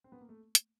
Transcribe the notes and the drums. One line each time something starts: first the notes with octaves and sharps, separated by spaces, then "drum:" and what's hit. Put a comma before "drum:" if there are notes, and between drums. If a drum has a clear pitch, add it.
C4
B3
A#3
A3
drum: hi-hat